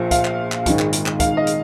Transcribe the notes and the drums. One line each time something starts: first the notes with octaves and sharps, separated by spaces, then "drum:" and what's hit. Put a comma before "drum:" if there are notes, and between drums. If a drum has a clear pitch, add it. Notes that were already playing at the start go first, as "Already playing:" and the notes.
Already playing: A#1 A#2 F3
F5, drum: kick, hi-hat
drum: clap
drum: clap
G#1 G#2 D#3, drum: kick, hi-hat
drum: clap
drum: hi-hat
drum: clap
F5, drum: kick, hi-hat
D#5
drum: hi-hat